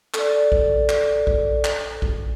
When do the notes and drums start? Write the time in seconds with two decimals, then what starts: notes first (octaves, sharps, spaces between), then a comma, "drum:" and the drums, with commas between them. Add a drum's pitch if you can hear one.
0.14 A4 D5, drum: clap
0.52 drum: kick A#1
0.89 drum: clap
1.27 drum: kick A#1
1.65 drum: clap
2.02 drum: kick A#1